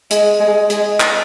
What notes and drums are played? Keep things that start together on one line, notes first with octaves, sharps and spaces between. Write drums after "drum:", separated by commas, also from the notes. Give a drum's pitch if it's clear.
G#3, drum: hi-hat
G#3
G#3, drum: hi-hat
drum: clap